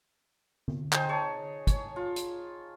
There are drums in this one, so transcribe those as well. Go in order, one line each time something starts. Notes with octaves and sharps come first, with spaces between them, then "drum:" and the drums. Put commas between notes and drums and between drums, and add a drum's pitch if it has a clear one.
drum: tom D3
D#4 G#4 C5 G5, drum: clap
G#4 C#5 A5
C#5, drum: kick, hi-hat
F4
drum: hi-hat